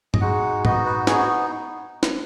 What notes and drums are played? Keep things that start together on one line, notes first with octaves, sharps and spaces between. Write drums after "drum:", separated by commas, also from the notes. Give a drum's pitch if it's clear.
D#5, drum: tom G2
G#3 D#4 F#4 F#5
B3 D#4 F#4 D#5, drum: tom G#2
B4
B3 D#4 F#4 G#4, drum: snare
F#4
drum: snare